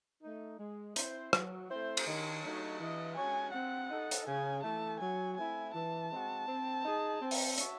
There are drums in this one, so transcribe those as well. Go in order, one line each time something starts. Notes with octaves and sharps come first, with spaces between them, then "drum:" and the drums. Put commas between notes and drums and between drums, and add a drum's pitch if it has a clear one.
A3 D#4
G#3
C4 E4 C5, drum: hi-hat
F#3, drum: rim click
A3 C4 E4 C5
drum: cymbal
D#3 C#5
F#3 A3 D#4 F#4
E3 D#5
G#3 C#4 F#4 C#5 G#5
C4 F#5
D#4 A4
drum: hi-hat
C#3 G#5
E3 A3 A5
F#3 G#5
A3 C4 E4 G#5
E3 A5
G#3 C4 F#4
C4
D#4 G#4
C4
drum: open hi-hat
F#4 C#5 E5, drum: hi-hat